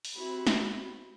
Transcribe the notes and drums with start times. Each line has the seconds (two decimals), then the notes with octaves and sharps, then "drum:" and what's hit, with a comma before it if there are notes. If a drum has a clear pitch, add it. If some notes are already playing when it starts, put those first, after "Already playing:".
0.05 drum: open hi-hat
0.15 C4 E4 F#4 G4 B5
0.47 drum: snare